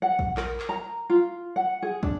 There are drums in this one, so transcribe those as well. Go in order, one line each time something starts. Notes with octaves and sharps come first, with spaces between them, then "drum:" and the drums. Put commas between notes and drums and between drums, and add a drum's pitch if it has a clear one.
F#5
drum: kick
A#4, drum: clap
drum: clap
A#5
F4
F#5
G#4
D4, drum: kick